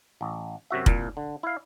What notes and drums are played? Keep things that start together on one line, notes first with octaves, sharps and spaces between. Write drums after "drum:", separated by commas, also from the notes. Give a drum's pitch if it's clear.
A1
F#2 C3 F#4 E5
C2 A#2, drum: kick
D3
E4 F5